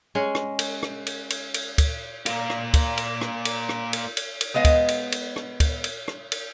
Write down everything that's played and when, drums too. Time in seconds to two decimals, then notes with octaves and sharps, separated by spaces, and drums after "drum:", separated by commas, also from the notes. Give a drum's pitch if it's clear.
0.15 G#3 C#4
0.35 drum: rim click
0.59 drum: cymbal
0.83 drum: rim click
1.07 drum: cymbal
1.30 drum: cymbal
1.54 drum: cymbal
1.78 drum: kick, cymbal
2.26 A#3 F4, drum: cymbal
2.50 drum: rim click
2.74 drum: kick, cymbal
2.98 drum: cymbal
3.21 drum: rim click
3.45 drum: cymbal
3.69 drum: rim click
3.93 drum: cymbal
4.17 drum: cymbal
4.41 drum: cymbal
4.54 G#3 B3 D#5 F5
4.65 drum: kick, cymbal
4.88 drum: cymbal
5.12 drum: cymbal
5.36 drum: rim click
5.60 drum: kick, cymbal
5.84 drum: cymbal
6.08 drum: rim click
6.32 drum: cymbal